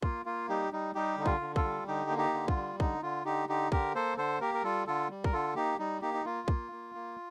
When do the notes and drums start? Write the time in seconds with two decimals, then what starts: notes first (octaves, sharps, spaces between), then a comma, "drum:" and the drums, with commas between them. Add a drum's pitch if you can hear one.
0.03 A#3 F4, drum: kick
0.25 A#3 F4
0.49 G3 D#4 G4
0.73 G3 D#4
0.95 G3 D#4 G4
1.18 D3 D#4
1.26 F4, drum: kick
1.41 D3
1.56 F4 A4, drum: kick
1.64 G3
1.88 D3 D#4 G4
2.10 A#3
2.17 D#4 G4
2.34 D3
2.48 F4, drum: kick
2.56 G3
2.80 D3 D#4, drum: kick
3.03 D3 F4
3.25 D3 D#4 G4
3.48 D3 D#4 G4
3.72 D3 G4 A#4, drum: kick
3.95 A#3 A4 C5
4.17 D3 A4 C5
4.41 A#3 G4 A#4
4.54 A#4
4.63 G3 F4 A4
4.87 D3 F4 A4
5.10 G3
5.24 A#4, drum: kick
5.33 D3 F4 A4
5.56 A#3 D#4 G4
5.79 G3 D#4
6.02 A#3 D#4 G4
6.14 D#4
6.25 A#3 F4
6.48 A#3, drum: kick
6.72 A#3
6.95 A#3